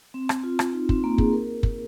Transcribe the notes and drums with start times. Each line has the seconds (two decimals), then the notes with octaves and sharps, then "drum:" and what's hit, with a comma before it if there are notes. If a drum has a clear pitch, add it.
0.14 C4
0.29 drum: rim click
0.44 F4
0.59 drum: rim click
0.73 D#4
0.89 C4, drum: kick
1.04 A#3
1.18 G#4, drum: kick
1.33 A#4
1.63 drum: kick